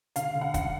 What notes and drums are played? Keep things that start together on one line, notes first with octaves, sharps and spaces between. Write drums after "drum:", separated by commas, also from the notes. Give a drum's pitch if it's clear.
D3 F5, drum: hi-hat
D3
F#5
F#2 F#5, drum: kick, hi-hat